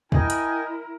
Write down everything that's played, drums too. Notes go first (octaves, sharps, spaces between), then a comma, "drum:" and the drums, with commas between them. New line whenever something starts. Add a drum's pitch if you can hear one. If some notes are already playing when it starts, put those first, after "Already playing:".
E4 A#4 D#5 G5 G#5, drum: kick
drum: hi-hat